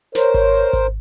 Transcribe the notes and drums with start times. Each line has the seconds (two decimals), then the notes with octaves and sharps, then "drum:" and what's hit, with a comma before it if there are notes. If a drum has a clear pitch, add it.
0.15 A#4 C5 C#5, drum: snare
0.34 drum: kick G#1, hi-hat
0.54 drum: hi-hat
0.73 drum: kick G#1, hi-hat